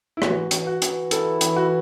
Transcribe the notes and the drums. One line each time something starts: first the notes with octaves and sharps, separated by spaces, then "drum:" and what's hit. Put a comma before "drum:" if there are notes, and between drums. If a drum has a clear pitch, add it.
E4
E3 F#4, drum: rim click
E3, drum: hi-hat
F#4
E3, drum: hi-hat
E4 A4, drum: hi-hat
E3, drum: hi-hat
F#4